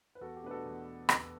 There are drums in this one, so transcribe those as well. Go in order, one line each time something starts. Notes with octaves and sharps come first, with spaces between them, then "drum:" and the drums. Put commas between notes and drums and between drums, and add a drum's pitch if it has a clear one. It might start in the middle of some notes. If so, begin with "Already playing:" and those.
B4
E2 F#4 A4
G4
B2 A3 D4 B4
F#4 A4
E2
drum: rim click